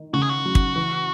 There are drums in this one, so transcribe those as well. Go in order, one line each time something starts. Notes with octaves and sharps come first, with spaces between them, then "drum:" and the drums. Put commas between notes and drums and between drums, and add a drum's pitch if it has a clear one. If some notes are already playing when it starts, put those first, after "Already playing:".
Already playing: D#3
C#3 F#4
G#4
F#4
F#3
drum: kick
E3